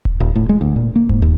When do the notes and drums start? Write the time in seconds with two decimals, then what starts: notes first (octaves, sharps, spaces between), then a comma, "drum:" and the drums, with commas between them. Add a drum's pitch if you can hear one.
0.05 drum: kick D#1
0.20 D#1
0.36 A2
0.49 G#3
0.61 D2
0.76 A#2
0.96 A#3
1.09 G#2, drum: kick D#1
1.22 D#2